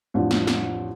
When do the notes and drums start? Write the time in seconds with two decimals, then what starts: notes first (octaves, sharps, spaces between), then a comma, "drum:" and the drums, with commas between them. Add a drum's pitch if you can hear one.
0.14 A1 F2 D4
0.31 drum: snare
0.47 drum: snare